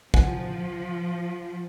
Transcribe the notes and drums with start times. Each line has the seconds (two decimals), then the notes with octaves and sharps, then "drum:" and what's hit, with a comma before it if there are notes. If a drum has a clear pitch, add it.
0.14 F3 F#5 G#5, drum: kick